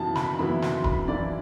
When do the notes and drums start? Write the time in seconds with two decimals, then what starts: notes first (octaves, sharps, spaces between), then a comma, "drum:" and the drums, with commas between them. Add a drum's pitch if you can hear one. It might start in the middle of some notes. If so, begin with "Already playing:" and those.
Already playing: F#2 E3 B3 E4 A5
0.15 B5, drum: snare
0.39 F#2 E3 B3 E4 B5
0.62 C6, drum: snare
0.84 B5, drum: kick D1
1.08 F#2 E3 B3 E4 D5